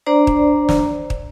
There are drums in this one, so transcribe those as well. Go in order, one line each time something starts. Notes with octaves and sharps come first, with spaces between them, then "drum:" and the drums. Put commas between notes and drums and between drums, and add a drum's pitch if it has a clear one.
D4 C5 D5 A#5
drum: kick
drum: snare
drum: kick